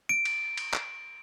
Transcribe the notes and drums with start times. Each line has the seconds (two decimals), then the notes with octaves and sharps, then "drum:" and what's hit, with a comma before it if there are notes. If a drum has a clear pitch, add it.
0.09 D7
0.25 drum: cymbal
0.57 drum: cymbal
0.73 drum: clap